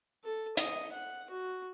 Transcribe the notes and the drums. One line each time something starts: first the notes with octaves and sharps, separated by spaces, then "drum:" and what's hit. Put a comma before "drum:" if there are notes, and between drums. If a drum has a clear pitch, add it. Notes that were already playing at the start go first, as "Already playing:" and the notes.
A4
D#5, drum: hi-hat
F#5
F#4